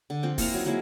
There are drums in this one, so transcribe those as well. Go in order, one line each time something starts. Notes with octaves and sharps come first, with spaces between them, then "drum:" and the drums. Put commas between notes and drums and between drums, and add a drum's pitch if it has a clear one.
D3
F3 C4 G5
A#3 E4 F5 A#5, drum: kick, open hi-hat
F#3 D#4
F#3 G#3 A#3 E4